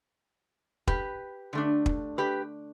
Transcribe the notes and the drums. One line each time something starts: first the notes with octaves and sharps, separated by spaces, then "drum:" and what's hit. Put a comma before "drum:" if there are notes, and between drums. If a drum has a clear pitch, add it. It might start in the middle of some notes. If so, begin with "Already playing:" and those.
G4 B4, drum: kick
D3 A3 D4
drum: kick
G4 B4